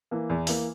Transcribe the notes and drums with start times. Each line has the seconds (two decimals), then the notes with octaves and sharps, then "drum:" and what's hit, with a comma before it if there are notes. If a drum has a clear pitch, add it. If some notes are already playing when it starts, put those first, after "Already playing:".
0.11 E3 A#3
0.30 E2
0.47 E3 A#3, drum: open hi-hat